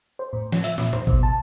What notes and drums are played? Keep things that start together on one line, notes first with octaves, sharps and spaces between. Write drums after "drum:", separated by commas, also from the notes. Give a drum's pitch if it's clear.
C5
A2
F3, drum: snare
E5, drum: hi-hat
A#2, drum: snare
C5, drum: tom
B2, drum: kick G#1
A5